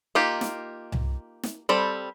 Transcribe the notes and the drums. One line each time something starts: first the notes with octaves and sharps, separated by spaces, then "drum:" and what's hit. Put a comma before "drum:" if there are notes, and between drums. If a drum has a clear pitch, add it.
A#3 D#4 F4 G4
drum: snare
drum: tom C2
drum: snare
G3 C4 A4 B5